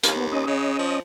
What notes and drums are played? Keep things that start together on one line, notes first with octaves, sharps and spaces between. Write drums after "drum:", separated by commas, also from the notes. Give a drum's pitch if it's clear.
D#2 F5 G#5, drum: hi-hat
B3
C#4 D#5
C#3
F3